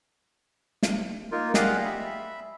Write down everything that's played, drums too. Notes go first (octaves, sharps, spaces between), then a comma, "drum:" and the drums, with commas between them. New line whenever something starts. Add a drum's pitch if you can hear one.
drum: snare
A#3 D#4 F4 A#4
G4 G#4 D5 D#5 F5 F#5, drum: snare
E5 B5